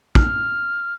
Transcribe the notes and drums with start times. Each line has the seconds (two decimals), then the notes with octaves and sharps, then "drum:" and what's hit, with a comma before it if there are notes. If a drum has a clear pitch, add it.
0.15 F6, drum: kick